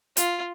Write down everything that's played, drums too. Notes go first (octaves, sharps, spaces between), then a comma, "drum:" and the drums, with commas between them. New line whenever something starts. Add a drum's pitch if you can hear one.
F4, drum: hi-hat